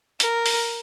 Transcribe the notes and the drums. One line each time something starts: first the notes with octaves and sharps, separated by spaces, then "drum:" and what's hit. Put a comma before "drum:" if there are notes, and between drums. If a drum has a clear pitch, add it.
A#4, drum: hi-hat
drum: open hi-hat